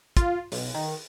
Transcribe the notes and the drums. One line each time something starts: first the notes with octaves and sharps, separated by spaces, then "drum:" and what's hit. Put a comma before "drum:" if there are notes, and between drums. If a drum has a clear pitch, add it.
F4, drum: kick, hi-hat
B1, drum: open hi-hat
D#3